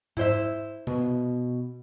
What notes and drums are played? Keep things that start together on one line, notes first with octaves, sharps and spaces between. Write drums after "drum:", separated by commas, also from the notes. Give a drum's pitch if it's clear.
E4 C5 E5, drum: tom G#2
B2, drum: tom C3